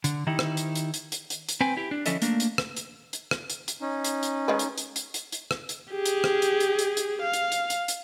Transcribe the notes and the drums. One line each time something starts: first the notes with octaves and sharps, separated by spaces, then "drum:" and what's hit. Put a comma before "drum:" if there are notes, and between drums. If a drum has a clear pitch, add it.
D3, drum: hi-hat
D#3 D#4 E4 G4
drum: rim click
drum: hi-hat
drum: hi-hat
drum: hi-hat
drum: hi-hat
drum: hi-hat
drum: hi-hat
C4 B4 G5 G#5
E4 G4
D4
D3 F3 C#4 E4 A4 D#5, drum: hi-hat
A3 A#3 D4, drum: hi-hat
drum: hi-hat
drum: rim click
drum: hi-hat
drum: hi-hat
drum: rim click
drum: hi-hat
drum: hi-hat
C#4 D#4
drum: hi-hat
drum: hi-hat
D#3 G#3 B4
drum: hi-hat
drum: hi-hat
drum: hi-hat
drum: hi-hat
drum: hi-hat
drum: rim click
drum: hi-hat
G4 G#4
drum: hi-hat
drum: rim click
drum: hi-hat
drum: hi-hat
drum: hi-hat
drum: hi-hat
F5
drum: hi-hat
drum: hi-hat
drum: hi-hat
drum: hi-hat